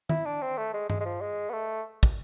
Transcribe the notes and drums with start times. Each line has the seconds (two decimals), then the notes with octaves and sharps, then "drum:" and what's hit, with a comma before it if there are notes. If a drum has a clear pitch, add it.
0.10 E4, drum: tom D#3
0.26 D4
0.42 C4
0.58 A3
0.74 G#3
0.90 G#3, drum: tom G2
1.01 G#3
1.06 F3
1.21 G#3
1.50 B3
1.53 A3
2.03 drum: kick